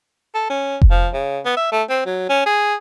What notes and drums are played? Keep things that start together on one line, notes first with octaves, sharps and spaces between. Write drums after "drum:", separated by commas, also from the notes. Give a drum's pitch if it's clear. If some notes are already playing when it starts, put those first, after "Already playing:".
A4
C#4
drum: kick F1
F3
C#3
B3
E5
A3
C4
F#3
C#4
G#4